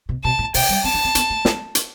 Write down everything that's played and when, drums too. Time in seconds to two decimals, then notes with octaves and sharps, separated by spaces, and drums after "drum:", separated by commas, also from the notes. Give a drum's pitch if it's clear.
0.09 B2
0.24 B2 A5
0.39 A2
0.54 B2 G5, drum: open hi-hat
0.69 G3
0.84 C4 A5
0.94 D4
1.04 C4
1.15 B3, drum: hi-hat
1.30 A3
1.45 A3, drum: snare
1.75 drum: hi-hat